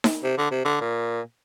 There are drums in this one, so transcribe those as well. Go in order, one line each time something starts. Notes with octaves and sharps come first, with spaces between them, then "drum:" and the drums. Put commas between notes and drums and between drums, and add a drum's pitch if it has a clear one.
drum: snare D#4
C3
D3
C3
D3
A#2